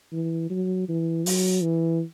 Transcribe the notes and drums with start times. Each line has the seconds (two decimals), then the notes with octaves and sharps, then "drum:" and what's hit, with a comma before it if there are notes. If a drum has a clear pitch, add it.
0.12 E3
0.50 F#3
0.88 E3
1.26 F#3, drum: open hi-hat
1.63 E3